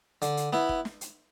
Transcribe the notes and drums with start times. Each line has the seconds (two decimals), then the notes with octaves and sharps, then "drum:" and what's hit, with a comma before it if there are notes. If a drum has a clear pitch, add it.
0.22 D3, drum: hi-hat
0.37 drum: hi-hat
0.53 B3 E4, drum: snare
0.69 drum: kick
0.85 drum: snare
1.01 drum: hi-hat